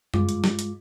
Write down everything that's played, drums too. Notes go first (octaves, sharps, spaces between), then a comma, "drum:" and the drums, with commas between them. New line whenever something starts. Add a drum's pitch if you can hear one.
G2 G#3 F4 D6, drum: tom F#2
drum: hi-hat
drum: snare
drum: hi-hat